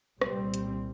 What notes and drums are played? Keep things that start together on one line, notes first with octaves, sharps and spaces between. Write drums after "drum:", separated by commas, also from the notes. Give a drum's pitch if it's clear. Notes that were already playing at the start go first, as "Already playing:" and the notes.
C2 A#2 G3 C4, drum: rim click
drum: hi-hat